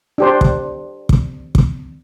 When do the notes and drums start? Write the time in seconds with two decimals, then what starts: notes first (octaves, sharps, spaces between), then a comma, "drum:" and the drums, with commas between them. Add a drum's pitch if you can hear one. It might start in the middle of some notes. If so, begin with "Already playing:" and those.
0.18 D4 G4 C5
0.41 drum: kick
1.09 drum: kick
1.55 drum: kick